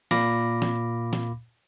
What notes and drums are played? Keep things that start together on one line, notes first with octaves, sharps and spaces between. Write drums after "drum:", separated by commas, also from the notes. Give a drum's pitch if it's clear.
A#2 F5 B5 D6 A#6, drum: snare
drum: snare
drum: snare